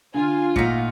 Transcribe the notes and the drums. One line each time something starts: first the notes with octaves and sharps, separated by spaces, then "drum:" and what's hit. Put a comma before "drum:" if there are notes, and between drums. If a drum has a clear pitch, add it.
D3 F4 G#5
A#2 A3 D#4 F5 F#5 A#6 B6 C#7, drum: kick G#1